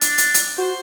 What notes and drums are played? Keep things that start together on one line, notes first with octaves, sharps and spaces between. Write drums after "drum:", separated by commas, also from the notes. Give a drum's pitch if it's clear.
D4, drum: hi-hat
drum: hi-hat
drum: hi-hat
F#4 C5